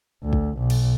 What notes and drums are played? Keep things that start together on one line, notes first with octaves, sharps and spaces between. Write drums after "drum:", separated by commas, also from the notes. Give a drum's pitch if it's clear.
D2
drum: kick
B1
drum: cymbal